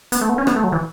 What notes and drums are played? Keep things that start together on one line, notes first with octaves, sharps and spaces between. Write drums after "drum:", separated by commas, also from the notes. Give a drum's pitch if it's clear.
B3, drum: hi-hat
A3
B3
C#4
B3, drum: rim click
A3
F#3
E3